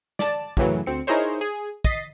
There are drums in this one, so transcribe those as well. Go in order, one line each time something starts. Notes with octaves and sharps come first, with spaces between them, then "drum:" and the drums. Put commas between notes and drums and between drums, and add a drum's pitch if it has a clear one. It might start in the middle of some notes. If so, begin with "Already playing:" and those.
D5 A5, drum: snare
F#2 A2 C#3 E3 F#3, drum: kick
D2 C4 C#7
D#4 E4 G#4 A#4 C5 C#5
G#4
D#5 A6 B6 C7, drum: kick